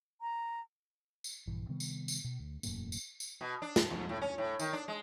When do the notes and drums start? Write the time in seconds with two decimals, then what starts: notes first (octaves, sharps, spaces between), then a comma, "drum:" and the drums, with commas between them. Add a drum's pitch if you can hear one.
0.21 A#5
1.24 drum: tambourine
1.48 A#1 G2 E3
1.69 C3 D#3 G3 B3
1.80 drum: tambourine
2.08 drum: tambourine
2.24 B2
2.39 D2
2.63 E1 F#2 A2 A#3, drum: tambourine
2.92 drum: tambourine
3.20 drum: tambourine
3.41 B2
3.62 D4
3.76 drum: snare
3.90 F2
4.09 A2
4.22 C#4
4.38 A2
4.59 D#3, drum: tambourine
4.73 D4
4.88 G#3